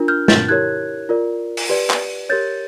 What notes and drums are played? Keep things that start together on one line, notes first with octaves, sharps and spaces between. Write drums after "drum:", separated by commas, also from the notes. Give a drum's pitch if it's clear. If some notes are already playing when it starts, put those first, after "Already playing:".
Already playing: D4 F4 A#4
F6 G6
G6 A6, drum: snare
E4 G4 A#4 C#5 F#6 G#6
F4 A#4 D5
drum: open hi-hat
G4 B4 D5
drum: clap
G4 A#4 C#5 G6 A6